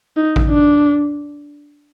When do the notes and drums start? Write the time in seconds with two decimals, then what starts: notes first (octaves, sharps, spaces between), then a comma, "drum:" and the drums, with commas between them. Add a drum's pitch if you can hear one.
0.17 D#4
0.36 drum: kick A1
0.49 D4